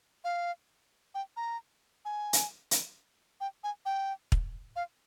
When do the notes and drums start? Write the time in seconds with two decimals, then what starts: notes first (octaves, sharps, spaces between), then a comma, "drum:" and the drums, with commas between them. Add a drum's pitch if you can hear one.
0.24 F5
1.15 G5
1.37 A#5
2.05 G#5
2.33 drum: hi-hat
2.71 drum: hi-hat
3.41 G5
3.64 G#5
3.86 G5
4.32 drum: kick
4.76 F5